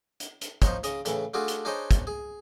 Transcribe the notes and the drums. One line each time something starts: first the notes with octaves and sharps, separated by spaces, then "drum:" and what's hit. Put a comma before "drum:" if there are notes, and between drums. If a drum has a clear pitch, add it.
drum: hi-hat
drum: hi-hat
F3 D#4 C5 C#5, drum: kick, hi-hat
C#3 D#5 D#6, drum: hi-hat
A2 C#3 E3, drum: hi-hat
A3 D4 F4 F#4 G#4
drum: hi-hat
D4 D#4 G#4 C5 C#5 D#5
drum: kick, hi-hat
G#4